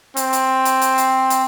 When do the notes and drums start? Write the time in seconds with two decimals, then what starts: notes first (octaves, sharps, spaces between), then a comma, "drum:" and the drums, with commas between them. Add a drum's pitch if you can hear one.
0.17 C4, drum: hi-hat
0.33 drum: hi-hat
0.65 drum: hi-hat
0.82 drum: hi-hat
0.98 drum: hi-hat
1.30 drum: hi-hat